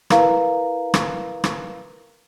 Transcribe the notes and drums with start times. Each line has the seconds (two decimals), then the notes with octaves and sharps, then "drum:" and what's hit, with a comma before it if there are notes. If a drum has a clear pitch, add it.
0.10 E4 A#4 B4 F5 A#5, drum: rim click
0.94 drum: rim click
1.44 drum: rim click